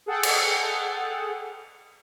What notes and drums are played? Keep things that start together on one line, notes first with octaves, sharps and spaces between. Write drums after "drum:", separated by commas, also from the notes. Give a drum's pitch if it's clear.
G#4 A4 F#5 G5
drum: cymbal